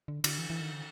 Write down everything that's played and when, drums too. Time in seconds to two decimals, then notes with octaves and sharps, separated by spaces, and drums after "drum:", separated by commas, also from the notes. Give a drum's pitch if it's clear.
0.08 D3
0.24 D3, drum: cymbal
0.38 E3
0.50 E3
0.61 D#3
0.72 D3